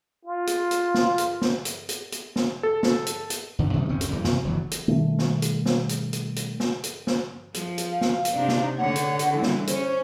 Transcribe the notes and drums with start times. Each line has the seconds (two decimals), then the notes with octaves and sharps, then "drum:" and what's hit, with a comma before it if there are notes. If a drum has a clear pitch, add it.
0.25 F4
0.47 drum: hi-hat
0.71 drum: hi-hat
0.94 drum: snare
1.18 drum: hi-hat
1.42 drum: snare
1.65 drum: hi-hat
1.89 drum: hi-hat
2.12 drum: hi-hat
2.36 drum: snare
2.63 A4
2.83 drum: snare
3.06 drum: hi-hat
3.30 drum: hi-hat
3.59 E2 D3
3.74 B2 D#3 G3 A3
3.89 F#1 D2 C4 C#4
4.01 drum: hi-hat
4.11 E2 E3 G3
4.24 E2 C3, drum: snare
4.45 F#1 D2 E3 F#3
4.71 drum: hi-hat
4.88 B2 D#3 G3 A3
5.19 drum: snare
5.42 drum: hi-hat
5.66 drum: snare
5.89 drum: hi-hat
6.13 drum: hi-hat
6.36 drum: hi-hat
6.60 drum: snare
6.83 drum: hi-hat
7.07 drum: snare
7.54 F3, drum: hi-hat
7.78 drum: hi-hat
7.92 F5
8.01 drum: snare
8.25 drum: hi-hat
8.34 C3 D4 D#4
8.48 drum: snare
8.78 D3 C#5 F#5
8.96 drum: hi-hat
9.19 drum: hi-hat
9.32 E3 G3 A4
9.43 drum: snare
9.67 C#4 C5, drum: hi-hat